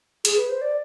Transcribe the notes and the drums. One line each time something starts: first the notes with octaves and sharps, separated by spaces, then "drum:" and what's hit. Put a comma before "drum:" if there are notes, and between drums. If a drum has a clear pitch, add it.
G#4, drum: hi-hat
B4
C5
D5